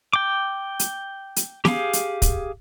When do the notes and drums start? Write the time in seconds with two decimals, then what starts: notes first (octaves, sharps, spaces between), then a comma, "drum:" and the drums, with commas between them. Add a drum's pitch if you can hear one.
0.13 G5 D6
0.79 drum: hi-hat
1.36 drum: hi-hat
1.65 G4 G#4 F5, drum: snare
1.93 drum: hi-hat
2.22 drum: kick, hi-hat